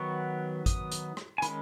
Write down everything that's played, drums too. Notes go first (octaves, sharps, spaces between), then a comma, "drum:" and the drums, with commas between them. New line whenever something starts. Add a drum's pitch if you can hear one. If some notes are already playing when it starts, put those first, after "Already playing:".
Already playing: D#3 F#3 B3 C#6
D#6, drum: kick G#1, hi-hat
drum: hi-hat
drum: rim click
G#5
D#3 G#3 C#4 B5, drum: hi-hat